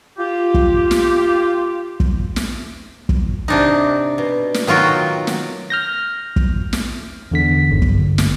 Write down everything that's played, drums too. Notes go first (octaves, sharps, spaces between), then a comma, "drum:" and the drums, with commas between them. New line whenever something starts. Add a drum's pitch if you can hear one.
F4 G4
drum: kick
drum: snare
drum: kick
drum: snare
drum: kick
C3 D4 D#4
B2
drum: snare
D#3 F#3 F4 F#4 G5
drum: snare
F6 G6 A#6
drum: kick
drum: snare
E2 D3 B6
G1
drum: kick
drum: snare